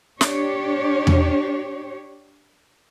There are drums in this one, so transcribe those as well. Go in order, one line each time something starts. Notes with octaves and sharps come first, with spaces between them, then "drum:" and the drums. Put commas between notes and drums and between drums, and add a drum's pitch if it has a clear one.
D4 G4 C#5, drum: snare
drum: tom E2